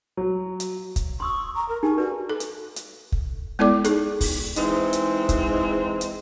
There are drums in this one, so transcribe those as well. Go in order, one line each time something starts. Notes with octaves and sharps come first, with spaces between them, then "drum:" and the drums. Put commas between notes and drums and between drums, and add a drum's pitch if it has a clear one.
F#3
drum: hi-hat
drum: kick, hi-hat
C6 C#6 D#6 E6
A#5
A#4
D#4 G4 G#4 G#5
F#4 B4 D5
A4
drum: hi-hat
drum: hi-hat
drum: kick
G#3 B3 E4 A4 D5 D6
D#4 G#4 A4, drum: hi-hat
drum: kick, open hi-hat
E3 G#3 C4 D#4, drum: hi-hat
drum: hi-hat
drum: kick, hi-hat
drum: hi-hat